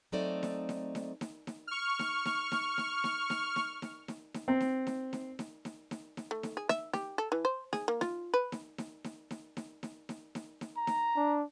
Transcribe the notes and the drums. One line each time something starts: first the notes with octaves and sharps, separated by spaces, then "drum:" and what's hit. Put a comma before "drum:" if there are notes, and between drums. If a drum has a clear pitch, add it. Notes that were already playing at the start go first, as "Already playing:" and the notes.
F#3 A3 C4 D#4 A4 D5
drum: snare D#4
drum: snare D#4
drum: snare D#4
drum: snare D#4
drum: snare D#4
C#6 F6
drum: snare D#4
drum: snare D#4
drum: snare D#4
drum: snare D#4
drum: snare D#4
drum: snare D#4
drum: snare D#4
drum: snare D#4
drum: snare D#4
drum: snare D#4
C4
drum: snare D#4
drum: snare D#4
drum: snare D#4
drum: snare D#4
drum: snare D#4
drum: snare D#4
drum: snare D#4
A3
drum: snare D#4
G#4
E5, drum: snare D#4
G4, drum: snare D#4
A4
E3
C5
G#4, drum: snare D#4
A#3
F4, drum: snare D#4
B4
drum: snare D#4
drum: snare D#4
drum: snare D#4
drum: snare D#4
drum: snare D#4
drum: snare D#4
drum: snare D#4
drum: snare D#4
drum: snare D#4
A#5
drum: snare D#4
D4